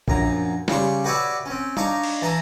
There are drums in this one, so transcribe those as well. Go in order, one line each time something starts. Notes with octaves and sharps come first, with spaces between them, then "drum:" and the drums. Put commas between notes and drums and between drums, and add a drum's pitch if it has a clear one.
A#1 F#2 A#5, drum: kick
C#3 G3 C6 C#6, drum: snare
F#4 G4 B4 C#5 D5 E5
C4 C#4
D4 D#4 C#5 F5 A#5, drum: tom
drum: cymbal
E3 A5 A#5 D#6